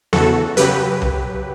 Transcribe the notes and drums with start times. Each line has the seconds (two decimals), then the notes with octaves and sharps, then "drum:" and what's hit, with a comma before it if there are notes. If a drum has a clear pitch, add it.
0.13 E2 C#3 E3 F#4 A4, drum: snare B3
0.57 F#2 C#3 F#3 G4 B4, drum: hi-hat
1.02 drum: tom C2